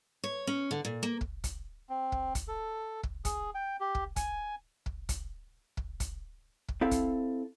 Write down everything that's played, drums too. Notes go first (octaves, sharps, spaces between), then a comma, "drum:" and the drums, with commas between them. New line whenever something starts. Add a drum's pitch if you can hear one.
C#5
C#4
D3
A#2
A#3
drum: kick
drum: kick, hi-hat
C4
drum: kick
drum: kick, hi-hat
A4
drum: kick
G#4, drum: kick, hi-hat
G5
G4
drum: kick
G#5, drum: kick, hi-hat
drum: kick
drum: kick, hi-hat
drum: kick
drum: kick, hi-hat
drum: kick
C4 E4 A4 F5
drum: kick, hi-hat